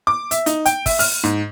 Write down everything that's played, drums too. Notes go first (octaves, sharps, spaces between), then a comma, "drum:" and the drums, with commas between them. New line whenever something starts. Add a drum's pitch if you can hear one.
D6
E5, drum: hi-hat
D#4, drum: hi-hat
G5, drum: hi-hat
E5, drum: kick, open hi-hat
F6, drum: open hi-hat
G#2